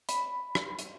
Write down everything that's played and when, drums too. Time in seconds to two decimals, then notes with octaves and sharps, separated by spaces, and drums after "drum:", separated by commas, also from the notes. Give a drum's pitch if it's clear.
0.09 B5, drum: hi-hat
0.55 drum: rim click
0.79 drum: hi-hat